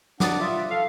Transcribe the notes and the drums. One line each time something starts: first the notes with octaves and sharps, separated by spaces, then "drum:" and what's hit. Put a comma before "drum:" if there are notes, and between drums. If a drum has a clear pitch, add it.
D4 F#5 D6 D#6 A6, drum: snare
F4 E5
A4 F5